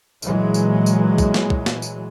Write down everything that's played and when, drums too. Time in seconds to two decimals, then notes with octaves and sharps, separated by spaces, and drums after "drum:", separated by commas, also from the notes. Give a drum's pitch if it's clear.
0.22 A#2 E3 F#3 G#3, drum: tambourine
0.54 drum: tambourine
0.86 drum: tambourine
1.18 drum: kick, tambourine
1.34 drum: snare
1.50 drum: kick
1.66 drum: snare
1.82 drum: tambourine